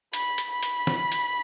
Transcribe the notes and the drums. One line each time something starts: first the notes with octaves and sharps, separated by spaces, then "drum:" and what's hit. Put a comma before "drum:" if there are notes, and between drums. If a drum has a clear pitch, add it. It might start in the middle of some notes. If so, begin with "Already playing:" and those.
B5, drum: hi-hat
drum: hi-hat
B5
drum: hi-hat
drum: snare
drum: hi-hat